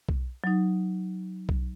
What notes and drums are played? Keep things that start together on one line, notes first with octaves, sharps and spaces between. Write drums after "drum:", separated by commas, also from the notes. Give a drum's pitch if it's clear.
drum: kick B1
F#3 D#4
drum: kick B1